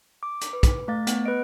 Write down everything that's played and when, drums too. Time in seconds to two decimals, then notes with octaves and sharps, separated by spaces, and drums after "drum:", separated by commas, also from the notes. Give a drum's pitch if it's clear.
0.23 D6
0.41 drum: hi-hat
0.53 B4
0.63 drum: kick, hi-hat
0.88 A3 F5 A6
1.07 B3, drum: hi-hat
1.26 B4 D#5 D7